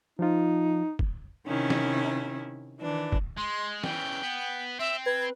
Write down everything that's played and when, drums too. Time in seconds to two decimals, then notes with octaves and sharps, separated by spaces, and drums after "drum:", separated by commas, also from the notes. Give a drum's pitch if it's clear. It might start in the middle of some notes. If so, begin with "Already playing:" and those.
0.19 F3 D#4 F4
0.99 drum: kick
1.45 C3 D#3 C#4 E4
1.70 drum: snare
2.80 D#3 E3 D4
3.12 drum: kick
3.37 G#3 C6
3.84 C#3 E3 G5, drum: snare
4.23 B3
4.79 C4 E5
5.06 B4 G#6